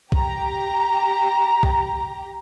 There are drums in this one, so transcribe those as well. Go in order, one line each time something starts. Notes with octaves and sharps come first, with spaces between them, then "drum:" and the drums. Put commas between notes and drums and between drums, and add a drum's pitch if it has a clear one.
G4 A#5, drum: kick
drum: kick